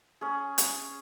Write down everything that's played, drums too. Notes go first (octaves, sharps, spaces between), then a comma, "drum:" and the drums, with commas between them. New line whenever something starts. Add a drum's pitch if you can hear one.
C#4 G#4
drum: hi-hat